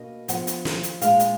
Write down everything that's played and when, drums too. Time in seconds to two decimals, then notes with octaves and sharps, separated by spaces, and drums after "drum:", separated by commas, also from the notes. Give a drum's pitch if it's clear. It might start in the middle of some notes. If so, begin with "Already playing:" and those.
Already playing: B2 A#3 D4 D#5
0.28 F3 B3 D4 F#5, drum: hi-hat
0.47 drum: hi-hat
0.65 drum: snare
0.83 drum: hi-hat
1.01 A#2 G#3 D4 F5, drum: hi-hat
1.19 drum: hi-hat